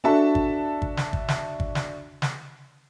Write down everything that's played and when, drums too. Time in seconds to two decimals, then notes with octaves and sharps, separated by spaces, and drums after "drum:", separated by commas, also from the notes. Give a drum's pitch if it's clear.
0.04 D4 F#4 A4 E5 A5
0.35 drum: kick
0.82 drum: kick
0.97 drum: snare
1.13 drum: kick
1.28 drum: snare
1.60 drum: kick
1.75 drum: snare
2.22 drum: snare